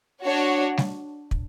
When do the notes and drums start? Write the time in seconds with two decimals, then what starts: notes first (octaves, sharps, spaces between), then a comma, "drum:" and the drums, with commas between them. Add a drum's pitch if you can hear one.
0.24 D4 F#4 C#5
0.77 drum: snare G3
1.31 drum: kick